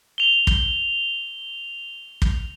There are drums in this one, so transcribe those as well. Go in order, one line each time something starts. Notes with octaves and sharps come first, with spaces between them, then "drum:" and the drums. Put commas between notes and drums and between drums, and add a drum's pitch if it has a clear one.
F7 G7
drum: kick
drum: kick